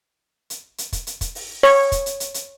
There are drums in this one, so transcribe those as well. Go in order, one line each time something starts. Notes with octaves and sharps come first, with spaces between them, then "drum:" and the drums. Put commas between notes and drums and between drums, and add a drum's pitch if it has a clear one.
drum: hi-hat
drum: hi-hat
drum: kick, hi-hat
drum: hi-hat
drum: kick, hi-hat
drum: open hi-hat
C#5, drum: open hi-hat
drum: kick, hi-hat
drum: hi-hat
drum: hi-hat
drum: hi-hat